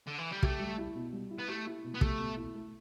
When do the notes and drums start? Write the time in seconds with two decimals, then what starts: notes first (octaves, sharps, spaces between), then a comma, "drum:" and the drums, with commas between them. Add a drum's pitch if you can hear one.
0.07 D3
0.18 E3
0.31 G3
0.43 A3 G4, drum: kick
0.60 G3
0.78 E4
0.95 B2
1.13 G3
1.31 E4
1.39 B3
1.48 A3 G4
1.67 E4
1.84 B2
1.95 B3
2.01 A3 G4, drum: kick
2.19 B2
2.37 E4
2.55 A3